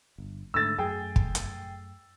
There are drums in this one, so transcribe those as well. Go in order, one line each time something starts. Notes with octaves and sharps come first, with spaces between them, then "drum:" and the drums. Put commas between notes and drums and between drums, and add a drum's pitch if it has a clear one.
G1
G#2 D3 A3 E6 A6
F#2 A3 G#4 G5
drum: kick
drum: hi-hat